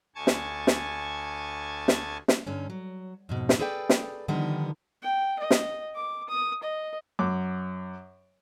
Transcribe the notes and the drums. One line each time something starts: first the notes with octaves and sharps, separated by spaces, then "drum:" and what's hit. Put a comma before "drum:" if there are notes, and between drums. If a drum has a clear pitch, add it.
D2 G#5 A5 C#6 G#6
drum: snare
drum: snare
drum: snare
drum: snare
G2 D3 C#4
F#3
F2 G#2 B2
drum: snare
G#4 A4 B4 D5 E5 G5
drum: snare
D3 D#3 F3 G3 B3 D#4
G5
D#5
drum: snare
D6
D#6
D#5
F#2 D6